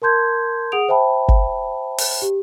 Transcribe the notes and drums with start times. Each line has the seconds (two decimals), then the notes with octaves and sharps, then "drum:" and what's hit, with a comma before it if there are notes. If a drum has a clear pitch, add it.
0.02 A#4 A5 C6 G6 G#6
0.72 G#4 F#5 D#6 D7 F7
0.89 C5 E5 G5 A5 B5
1.28 drum: kick G1
1.98 drum: open hi-hat
2.22 G4